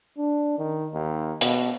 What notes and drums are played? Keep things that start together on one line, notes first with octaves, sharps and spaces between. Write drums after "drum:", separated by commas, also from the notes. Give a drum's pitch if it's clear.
D4
D#3
D#2
B2, drum: hi-hat